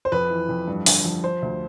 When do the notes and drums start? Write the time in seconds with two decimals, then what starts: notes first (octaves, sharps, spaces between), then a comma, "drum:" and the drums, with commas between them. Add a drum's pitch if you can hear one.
0.05 C5
0.12 F2 B4
0.30 E3
0.49 F2
0.68 G2
0.86 D3, drum: open hi-hat
1.05 F3
1.23 F3 C5
1.42 D2